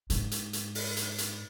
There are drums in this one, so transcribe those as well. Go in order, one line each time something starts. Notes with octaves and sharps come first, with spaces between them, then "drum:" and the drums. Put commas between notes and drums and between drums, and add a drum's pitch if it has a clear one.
G#2, drum: hi-hat
drum: hi-hat
drum: hi-hat
drum: open hi-hat
drum: hi-hat
drum: hi-hat